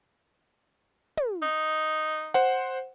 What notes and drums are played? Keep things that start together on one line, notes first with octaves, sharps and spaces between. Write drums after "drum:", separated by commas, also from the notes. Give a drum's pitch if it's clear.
drum: tom
D#4
C5 F#5, drum: hi-hat